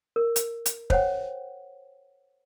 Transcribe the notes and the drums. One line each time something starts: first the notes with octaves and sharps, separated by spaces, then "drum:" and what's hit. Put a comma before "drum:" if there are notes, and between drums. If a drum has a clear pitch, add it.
A#4
drum: hi-hat
drum: hi-hat
C5 C#5 F#5 G5, drum: kick